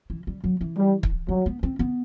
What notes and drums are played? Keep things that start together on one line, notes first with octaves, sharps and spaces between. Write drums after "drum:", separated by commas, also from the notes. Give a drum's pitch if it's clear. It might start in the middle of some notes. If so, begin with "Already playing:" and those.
E3
G3
F#3
E3
G3
drum: kick
F#3 G3
B3
C4
B3